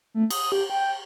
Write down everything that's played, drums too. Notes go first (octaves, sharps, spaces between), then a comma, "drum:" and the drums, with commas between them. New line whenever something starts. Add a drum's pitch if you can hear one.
A3
D#6, drum: cymbal
G4
G5